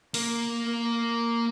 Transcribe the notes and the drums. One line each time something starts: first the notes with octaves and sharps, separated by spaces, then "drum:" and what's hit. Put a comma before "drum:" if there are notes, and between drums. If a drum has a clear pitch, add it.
A#3, drum: open hi-hat